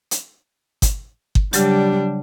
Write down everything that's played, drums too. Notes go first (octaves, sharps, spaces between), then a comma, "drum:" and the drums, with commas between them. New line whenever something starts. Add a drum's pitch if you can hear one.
drum: hi-hat
drum: kick G1, hi-hat
drum: kick G1
C#3 F#3 G3 D4 G4, drum: hi-hat